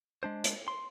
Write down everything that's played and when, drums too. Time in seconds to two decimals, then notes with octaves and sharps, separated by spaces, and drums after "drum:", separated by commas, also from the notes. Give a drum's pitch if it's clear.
0.23 G#3 D4 C5
0.44 drum: hi-hat
0.68 C6